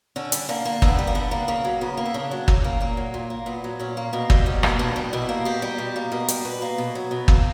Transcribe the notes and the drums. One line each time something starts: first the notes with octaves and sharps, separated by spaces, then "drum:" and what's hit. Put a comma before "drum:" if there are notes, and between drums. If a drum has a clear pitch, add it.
D3 C#4
G3, drum: hi-hat
D3 A#3
A#3
D3 B3, drum: kick
G3
A#3
D3 B3
A#3
C#3 A#3
F#3
C#3 B3
A#3
E4
C#3 D4
F#3
C#3 C#4, drum: kick
A#3
A#2 A#3
F#3
A#2
A#3
A#2 B3
F#3
A#2 C#4
A#3
B2 A#3
G3, drum: kick
B2 C#4
A#3, drum: rim click
B2 D4
G3
B2 E4
A#3
B2 G4
G3
B2
A#3
B2 A#4
G3, drum: hi-hat
B2 B4
A#3
B2
F#3
B2
A#3, drum: kick